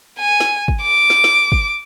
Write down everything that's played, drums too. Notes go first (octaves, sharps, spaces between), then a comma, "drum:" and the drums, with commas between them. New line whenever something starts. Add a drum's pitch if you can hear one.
G#5
drum: snare
drum: kick
D6
drum: snare
drum: snare
drum: kick